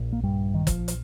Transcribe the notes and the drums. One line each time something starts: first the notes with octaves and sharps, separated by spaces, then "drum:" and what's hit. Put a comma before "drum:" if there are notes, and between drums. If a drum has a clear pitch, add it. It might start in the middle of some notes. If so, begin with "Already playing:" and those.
Already playing: A#1 A#2
A#3
G2 G3
D#3
F3, drum: kick, hi-hat
drum: hi-hat